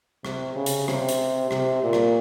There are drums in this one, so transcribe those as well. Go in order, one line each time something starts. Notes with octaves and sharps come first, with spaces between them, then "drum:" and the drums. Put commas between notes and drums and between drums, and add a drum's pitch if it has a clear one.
C3, drum: rim click
C#3
drum: hi-hat
C3, drum: rim click
drum: hi-hat
C3, drum: rim click
A#2
drum: rim click